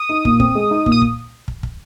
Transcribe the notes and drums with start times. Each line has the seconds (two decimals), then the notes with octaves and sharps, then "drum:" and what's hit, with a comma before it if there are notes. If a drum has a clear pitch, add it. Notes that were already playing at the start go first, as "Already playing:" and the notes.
Already playing: D#6
0.09 D#4
0.25 A#2, drum: kick
0.40 C4, drum: kick
0.55 G#3
0.71 D#4
0.86 A#2, drum: kick
0.92 D#6
1.02 drum: kick
1.48 drum: kick
1.63 drum: kick